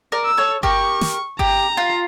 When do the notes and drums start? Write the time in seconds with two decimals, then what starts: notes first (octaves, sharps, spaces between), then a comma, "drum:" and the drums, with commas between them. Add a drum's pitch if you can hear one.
0.12 A#4 D5
0.25 E6
0.37 A4 C#5
0.63 G4 A#4 C#6, drum: kick G1
1.01 drum: snare
1.39 G4 A#5, drum: kick G1
1.77 F4